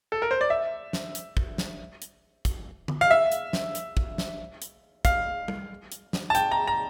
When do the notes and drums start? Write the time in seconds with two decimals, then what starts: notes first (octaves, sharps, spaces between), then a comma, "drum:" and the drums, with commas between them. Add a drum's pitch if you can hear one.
0.12 A4
0.22 A#4
0.31 C5
0.41 D5
0.50 E5
0.93 drum: snare
1.15 drum: hi-hat
1.37 drum: kick
1.58 drum: snare
2.02 drum: hi-hat
2.45 drum: kick, hi-hat
2.88 drum: tom
3.01 F5
3.11 E5
3.32 drum: hi-hat
3.53 drum: snare
3.75 drum: hi-hat
3.97 drum: kick
4.18 drum: snare
4.62 drum: hi-hat
5.05 F5, drum: kick, hi-hat
5.48 drum: tom G3
5.92 drum: hi-hat
6.13 drum: snare
6.30 A5
6.35 G5, drum: hi-hat
6.52 A#5
6.67 A#5